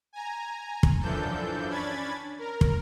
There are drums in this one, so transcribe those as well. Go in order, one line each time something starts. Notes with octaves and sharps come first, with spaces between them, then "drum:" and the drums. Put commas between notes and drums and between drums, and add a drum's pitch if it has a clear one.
G#5 A#5
drum: kick
F#2 E3 F3 D4 A4 G6
C#4 D4 B5 G#6 A6
A#4
drum: kick